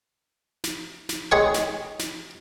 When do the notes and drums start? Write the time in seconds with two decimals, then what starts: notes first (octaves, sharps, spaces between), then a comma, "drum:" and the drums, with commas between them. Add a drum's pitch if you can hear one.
0.64 drum: snare
1.09 drum: snare
1.32 G#3 G#4 B4 C#5 G5 C#6
1.54 drum: snare
1.99 drum: snare